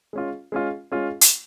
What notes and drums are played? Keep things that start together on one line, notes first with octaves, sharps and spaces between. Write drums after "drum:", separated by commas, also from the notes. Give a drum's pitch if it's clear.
G#3 C#4 F4
G#3 C#4 F4
G#3 C#4 F4
drum: hi-hat